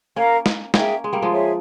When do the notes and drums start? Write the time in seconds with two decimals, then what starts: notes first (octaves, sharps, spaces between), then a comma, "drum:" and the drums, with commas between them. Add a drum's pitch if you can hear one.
0.16 A#3 C#4 A#4 F5 A#5
0.46 drum: snare
0.74 A#3 C#4 G#4 E5 G5, drum: snare
1.04 G#3
1.13 G3 A#3
1.22 F3 G#3
1.31 G#4 C#5 E5